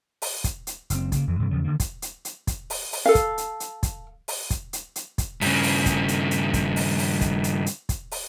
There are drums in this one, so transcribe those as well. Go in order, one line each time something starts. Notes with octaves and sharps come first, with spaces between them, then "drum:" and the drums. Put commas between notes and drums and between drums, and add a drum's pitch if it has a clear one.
drum: open hi-hat
drum: kick, hi-hat
drum: hi-hat
F#1 C4, drum: hi-hat
C#3 A#3, drum: kick, hi-hat
F2 E3
G2 C3 E3
E2 C#3 F3 F#3
D3 D#3 A#3
drum: kick, hi-hat
drum: hi-hat
drum: hi-hat
drum: kick, hi-hat
drum: open hi-hat
drum: open hi-hat
A4 F5
drum: kick, hi-hat
drum: hi-hat
drum: hi-hat
drum: kick, hi-hat
drum: open hi-hat
drum: kick, hi-hat
drum: hi-hat
drum: hi-hat
drum: kick, hi-hat
G2 C#3, drum: open hi-hat
drum: open hi-hat
drum: kick, hi-hat
drum: hi-hat
drum: hi-hat
drum: kick, hi-hat
drum: open hi-hat
drum: open hi-hat
drum: kick, hi-hat
drum: hi-hat
drum: hi-hat
drum: kick, hi-hat
drum: open hi-hat